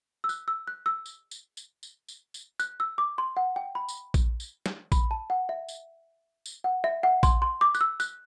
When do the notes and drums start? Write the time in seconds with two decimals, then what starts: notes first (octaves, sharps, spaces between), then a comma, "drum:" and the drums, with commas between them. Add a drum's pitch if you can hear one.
0.24 E6
0.29 F#6, drum: tambourine
0.48 E6
0.67 F#6
0.86 E6
1.06 drum: tambourine
1.31 drum: tambourine
1.57 drum: tambourine
1.83 drum: tambourine
2.09 drum: tambourine
2.34 drum: tambourine
2.60 F#6, drum: tambourine
2.80 E6
2.98 D6
3.18 C6
3.37 F#5
3.56 G5
3.75 B5
3.88 drum: tambourine
4.14 drum: kick A#1, tambourine
4.40 drum: tambourine
4.66 drum: snare
4.92 B5, drum: kick A#1, tambourine
5.11 A5
5.30 F#5
5.49 E5
5.68 drum: tambourine
6.46 drum: tambourine
6.64 F#5
6.84 E5
7.03 F#5
7.23 C6, drum: kick A#1, tambourine
7.42 C6
7.61 D6
7.75 F#6, drum: tambourine
7.81 E6
8.00 F#6, drum: tambourine